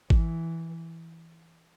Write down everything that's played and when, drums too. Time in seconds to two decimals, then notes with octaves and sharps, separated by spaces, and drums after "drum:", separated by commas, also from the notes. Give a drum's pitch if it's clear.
0.10 E3, drum: kick G#1